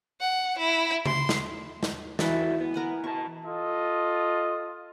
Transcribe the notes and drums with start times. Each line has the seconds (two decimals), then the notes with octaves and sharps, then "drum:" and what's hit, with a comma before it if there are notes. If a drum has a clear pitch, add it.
0.20 F#5
0.58 E4
1.06 C6, drum: tom C#3
1.29 drum: snare
1.83 drum: snare
2.19 E3 E4 F#4 A4, drum: snare
2.61 B3
2.74 A#4 F#5 G#5
3.04 B2 A5 C#6
3.46 F4 A4 D#5